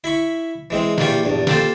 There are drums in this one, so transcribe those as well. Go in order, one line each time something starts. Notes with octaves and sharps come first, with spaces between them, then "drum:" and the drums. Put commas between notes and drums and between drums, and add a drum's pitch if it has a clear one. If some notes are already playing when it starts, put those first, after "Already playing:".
E4 B5 C#6
E3 G#3 C4
A#1 E3 A#3 F4 G4 C#6, drum: snare D#3
A#1 E2 G2
A#3 F4 G4 A4 C5, drum: snare D#3